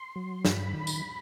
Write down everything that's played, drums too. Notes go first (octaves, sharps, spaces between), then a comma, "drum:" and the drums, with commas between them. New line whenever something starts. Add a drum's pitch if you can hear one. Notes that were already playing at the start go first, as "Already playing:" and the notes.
Already playing: C6
F#3
G2 B5, drum: snare
D#3
drum: tambourine